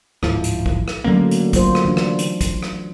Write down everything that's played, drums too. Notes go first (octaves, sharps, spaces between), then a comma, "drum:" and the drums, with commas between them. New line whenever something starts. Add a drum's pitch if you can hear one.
D1 G#2 F3 E4, drum: rim click
drum: hi-hat
drum: kick
drum: rim click
D3 F#3 A3 A#3 C#4
drum: hi-hat
F#3 F4 C5, drum: kick, hi-hat
drum: rim click
E3 D4
drum: rim click
drum: hi-hat
drum: kick, hi-hat
drum: rim click